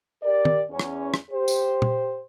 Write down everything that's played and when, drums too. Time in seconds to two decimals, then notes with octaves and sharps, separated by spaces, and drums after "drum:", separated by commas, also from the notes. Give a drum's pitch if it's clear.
0.23 G4 A#4 D5
0.45 drum: tom
0.69 E2 C#4
0.79 drum: rim click
1.14 drum: rim click
1.31 G4 C5
1.48 drum: tambourine
1.82 drum: tom